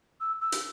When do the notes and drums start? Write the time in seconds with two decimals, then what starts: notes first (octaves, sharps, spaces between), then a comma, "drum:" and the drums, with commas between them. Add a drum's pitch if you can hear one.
0.21 E6
0.42 E6
0.52 drum: hi-hat